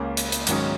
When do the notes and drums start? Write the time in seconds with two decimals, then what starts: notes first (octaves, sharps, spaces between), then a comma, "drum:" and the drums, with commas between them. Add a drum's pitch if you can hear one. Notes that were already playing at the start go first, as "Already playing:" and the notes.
Already playing: C#2 C#3 A#3 C#4
0.17 drum: hi-hat
0.32 drum: hi-hat
0.47 G#2 D#3 F#3 C#4, drum: hi-hat